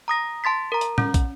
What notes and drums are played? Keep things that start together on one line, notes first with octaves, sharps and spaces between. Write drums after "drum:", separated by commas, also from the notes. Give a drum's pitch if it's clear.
A#5 D#6 A#6
A5 C6 A6 B6
A#4 A#5
drum: hi-hat
C#4, drum: tom
drum: kick, hi-hat